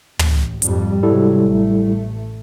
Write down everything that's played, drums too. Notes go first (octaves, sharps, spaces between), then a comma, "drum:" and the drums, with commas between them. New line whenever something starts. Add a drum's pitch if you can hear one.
A1, drum: tom
G#1 F2 G3, drum: hi-hat
G#2 C3 F#3 G3 E4 A4
A1 A3